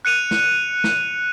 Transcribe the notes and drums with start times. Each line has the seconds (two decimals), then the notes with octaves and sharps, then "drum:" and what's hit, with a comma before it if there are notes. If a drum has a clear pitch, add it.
0.05 F#6 C#7 D#7 F7
0.31 drum: snare
0.84 drum: snare